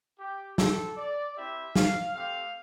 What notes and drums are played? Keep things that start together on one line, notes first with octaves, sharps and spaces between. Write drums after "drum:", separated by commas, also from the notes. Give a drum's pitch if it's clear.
G4
C4 G4 A4, drum: snare
D5
C4 E4 G4 E5
F5, drum: snare
A3 C4 G4 F5